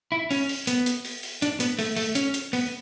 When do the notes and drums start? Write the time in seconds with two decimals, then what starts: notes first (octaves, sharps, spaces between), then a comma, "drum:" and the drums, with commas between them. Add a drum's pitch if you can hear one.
0.12 E4
0.31 C#4, drum: open hi-hat
0.49 drum: open hi-hat
0.67 B3, drum: hi-hat
0.86 drum: hi-hat
1.05 drum: open hi-hat
1.23 drum: open hi-hat
1.42 D4, drum: hi-hat
1.60 B3, drum: hi-hat
1.79 A3, drum: open hi-hat
1.96 A3, drum: open hi-hat
2.15 C#4, drum: hi-hat
2.34 drum: hi-hat
2.53 B3, drum: open hi-hat